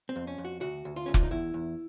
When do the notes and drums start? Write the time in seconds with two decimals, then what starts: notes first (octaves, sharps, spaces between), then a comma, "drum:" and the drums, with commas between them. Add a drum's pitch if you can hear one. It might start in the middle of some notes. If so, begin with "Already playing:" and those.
0.09 C4
0.16 F2
0.27 C#4
0.38 F2
0.45 F#4
0.61 D2 F#4
0.85 D2
0.96 F4
1.06 D2 C#4
1.14 D4, drum: kick F1
1.23 D#4
1.31 E2 E4
1.54 E2